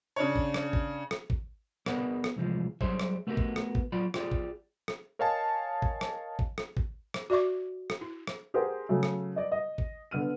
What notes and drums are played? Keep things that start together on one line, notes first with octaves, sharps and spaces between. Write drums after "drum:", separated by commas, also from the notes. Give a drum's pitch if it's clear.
C#3 D4 C#5
drum: kick
drum: rim click
drum: kick
drum: rim click
drum: kick
B3 G#4 A#4 B4 D5 F#5, drum: rim click
drum: rim click
C2 E3 F3 G#3
F#3 G3 G#4 C5 C#5 E5, drum: kick
drum: rim click
A3 B3 F#4 G4 A4 A#4
drum: kick
drum: rim click
drum: kick
F#3 F4 D5 B5
F4 G4 G#4 D5, drum: rim click
drum: kick
drum: rim click
A#4 C#5 D#5 F5 G#5 A5
drum: kick
drum: rim click
drum: kick
drum: rim click
drum: kick
drum: rim click
F#4 D5 E5 C#6 D6
drum: rim click
E4
drum: rim click
G4 G#4 A#4 C5 F#5
C#3 F#3 A3
drum: rim click
D5 D#5
D#5
drum: kick
D3 B3 F6 D#7